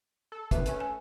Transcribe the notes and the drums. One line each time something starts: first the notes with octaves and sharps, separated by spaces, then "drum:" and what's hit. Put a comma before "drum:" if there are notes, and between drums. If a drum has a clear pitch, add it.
A4
D#2 C3 D#3 B4 E5, drum: kick, hi-hat
A3 C#4, drum: hi-hat
G#5